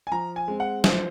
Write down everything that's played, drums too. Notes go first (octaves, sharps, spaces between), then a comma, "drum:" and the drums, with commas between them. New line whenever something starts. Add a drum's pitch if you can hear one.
G#5
F3 A#5
G#5
G#3 C4
F#5
F3 C5, drum: snare